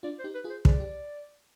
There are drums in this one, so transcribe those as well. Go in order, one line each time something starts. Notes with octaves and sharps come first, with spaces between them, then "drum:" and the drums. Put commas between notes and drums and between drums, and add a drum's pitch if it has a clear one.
D4 F4 D5
C5
D#4 G4
B4
F4 G#4
C5
G#4 C5 D5, drum: kick
G4